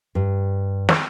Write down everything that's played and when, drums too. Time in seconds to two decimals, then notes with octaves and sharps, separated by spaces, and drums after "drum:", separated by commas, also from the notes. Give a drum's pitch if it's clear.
0.15 G2
0.89 drum: snare